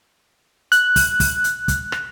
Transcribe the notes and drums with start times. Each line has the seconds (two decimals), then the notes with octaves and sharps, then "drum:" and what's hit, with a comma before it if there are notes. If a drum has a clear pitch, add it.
0.72 F#6, drum: hi-hat
0.96 drum: kick, open hi-hat
1.20 drum: kick, open hi-hat
1.44 drum: hi-hat
1.68 drum: kick, hi-hat
1.92 drum: rim click